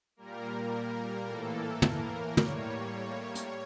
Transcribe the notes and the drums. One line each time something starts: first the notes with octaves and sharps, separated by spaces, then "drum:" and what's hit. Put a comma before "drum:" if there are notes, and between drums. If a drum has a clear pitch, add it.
A#2 G3 A#3 A#4
A2 E3 A#3 A4
A#4, drum: tom
A2 G3 A#3 C#5, drum: tom
drum: hi-hat